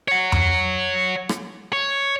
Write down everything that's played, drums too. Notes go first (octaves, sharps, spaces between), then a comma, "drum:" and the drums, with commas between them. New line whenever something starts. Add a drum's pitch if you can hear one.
C#5 F#5
drum: tom F2
drum: rim click
C#5